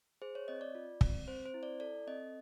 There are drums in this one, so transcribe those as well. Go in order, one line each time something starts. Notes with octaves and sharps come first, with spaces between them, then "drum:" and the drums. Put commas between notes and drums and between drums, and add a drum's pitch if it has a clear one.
G#4 C5
C#5
C4 D#5
D5
F4
C4, drum: kick
C4 C5
C5
E4
D5
A4 D5
C4 D#5